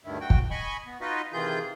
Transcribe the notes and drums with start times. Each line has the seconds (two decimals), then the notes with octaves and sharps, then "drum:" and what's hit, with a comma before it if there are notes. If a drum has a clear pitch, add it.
0.04 D2 G2 D#3 E4
0.21 F#4 G5
0.30 drum: kick
0.51 D#5 G#5 B5 C#6
0.86 B3
1.01 D#4 F4 F#4 B4 D#5
1.33 C3 D#3 E3 F4 G#4 G6